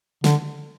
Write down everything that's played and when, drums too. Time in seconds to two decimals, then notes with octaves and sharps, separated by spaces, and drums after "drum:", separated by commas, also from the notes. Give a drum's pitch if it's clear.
0.24 D3, drum: snare